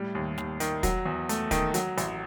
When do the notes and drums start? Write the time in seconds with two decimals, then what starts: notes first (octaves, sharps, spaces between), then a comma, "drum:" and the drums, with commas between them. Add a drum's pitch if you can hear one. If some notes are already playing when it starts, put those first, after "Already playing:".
Already playing: A2 G3
0.15 D#2
0.38 D#2, drum: snare
0.60 D#3, drum: hi-hat
0.83 F#3, drum: kick, hi-hat
1.05 E2
1.29 A3, drum: hi-hat
1.51 D#3, drum: kick, hi-hat
1.74 F#3, drum: hi-hat
1.98 A1, drum: hi-hat